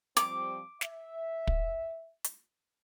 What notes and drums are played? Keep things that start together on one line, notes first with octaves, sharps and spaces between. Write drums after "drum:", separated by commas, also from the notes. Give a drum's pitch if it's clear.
F3 G3 C4 D6, drum: hi-hat
E5, drum: snare
drum: kick
drum: hi-hat